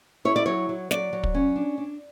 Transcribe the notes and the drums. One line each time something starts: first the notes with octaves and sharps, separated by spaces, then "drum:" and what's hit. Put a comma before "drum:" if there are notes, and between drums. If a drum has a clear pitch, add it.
E4 C#5
D5
F#3 C#5
F#3
F#3 D5, drum: snare
F#3
drum: kick
C#4
D4
D4